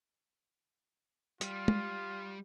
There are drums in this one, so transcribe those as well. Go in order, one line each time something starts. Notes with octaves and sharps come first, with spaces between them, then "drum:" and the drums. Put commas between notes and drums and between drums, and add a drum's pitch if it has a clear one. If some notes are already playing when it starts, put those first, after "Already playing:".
G3 F4 G4, drum: hi-hat
drum: tom